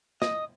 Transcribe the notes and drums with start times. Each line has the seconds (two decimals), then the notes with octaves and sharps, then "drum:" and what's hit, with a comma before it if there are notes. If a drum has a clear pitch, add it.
0.22 D#5, drum: snare